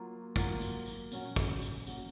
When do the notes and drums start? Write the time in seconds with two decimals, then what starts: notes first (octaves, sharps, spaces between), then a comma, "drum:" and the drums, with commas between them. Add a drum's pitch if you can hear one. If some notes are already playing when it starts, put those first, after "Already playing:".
Already playing: F#3 A#3 F4
0.36 F#3 A#3 F4, drum: kick, tambourine
0.61 drum: tambourine
0.86 drum: tambourine
1.12 A#2 F#3 C#4 F#4, drum: tambourine
1.36 drum: kick, tambourine
1.62 drum: tambourine
1.87 A#2 F#3 C#4 F#4, drum: tambourine